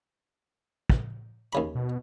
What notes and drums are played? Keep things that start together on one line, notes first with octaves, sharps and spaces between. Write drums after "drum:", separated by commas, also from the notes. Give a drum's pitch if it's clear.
drum: kick
D#2 C#3 B5
B2